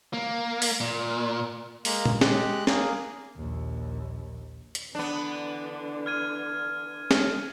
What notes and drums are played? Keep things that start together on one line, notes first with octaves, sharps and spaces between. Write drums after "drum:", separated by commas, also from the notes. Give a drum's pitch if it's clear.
A#3
drum: open hi-hat
A#2
G#3 A#3, drum: open hi-hat
drum: tom A#2
G#3 G4 F#6, drum: snare
A#3 G#4, drum: snare
A#1 D#2
drum: hi-hat
D3 E3 B3 D4
F6 G#6 D#7
drum: snare